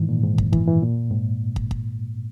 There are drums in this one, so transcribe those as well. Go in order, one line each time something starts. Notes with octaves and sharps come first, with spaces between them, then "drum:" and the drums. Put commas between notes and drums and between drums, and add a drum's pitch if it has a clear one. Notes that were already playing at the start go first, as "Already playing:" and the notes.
Already playing: G#2 D#3 E3
A#2
G#2
F#2, drum: kick
E3, drum: kick
E3
A#2
G#2
drum: kick
drum: kick